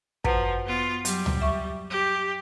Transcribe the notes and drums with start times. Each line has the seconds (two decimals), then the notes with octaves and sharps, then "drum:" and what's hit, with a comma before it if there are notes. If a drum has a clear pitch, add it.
0.24 F#2 F3 B4 F#5, drum: kick
0.65 B3 F4
1.05 F#3 G3, drum: hi-hat
1.26 drum: tom C#2
1.41 E5 C#6
1.90 G4